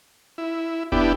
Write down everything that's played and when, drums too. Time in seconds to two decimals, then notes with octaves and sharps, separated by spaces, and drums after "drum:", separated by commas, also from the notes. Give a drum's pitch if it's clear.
0.38 E4
0.92 B3 D4 E4 G4, drum: kick F1